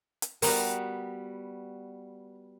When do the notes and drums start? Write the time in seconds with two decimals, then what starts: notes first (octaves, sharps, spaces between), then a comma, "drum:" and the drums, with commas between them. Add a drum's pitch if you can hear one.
0.22 drum: hi-hat
0.42 G3 B3 F#4 A#4, drum: open hi-hat